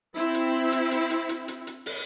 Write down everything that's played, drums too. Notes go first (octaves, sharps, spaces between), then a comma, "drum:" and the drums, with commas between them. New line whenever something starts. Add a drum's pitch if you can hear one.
C4 E4
drum: hi-hat
drum: hi-hat
drum: hi-hat
drum: hi-hat
drum: hi-hat
drum: hi-hat
drum: hi-hat
drum: open hi-hat